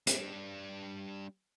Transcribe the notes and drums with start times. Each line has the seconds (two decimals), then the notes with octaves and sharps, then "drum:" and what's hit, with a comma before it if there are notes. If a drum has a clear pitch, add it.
0.07 G3 D4, drum: hi-hat